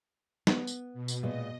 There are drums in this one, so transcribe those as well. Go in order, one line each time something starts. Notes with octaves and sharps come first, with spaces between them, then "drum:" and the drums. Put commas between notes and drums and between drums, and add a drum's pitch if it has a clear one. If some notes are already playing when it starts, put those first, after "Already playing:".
B3, drum: snare
drum: tambourine
B2
drum: tambourine
A#2 G#3 B3 D#5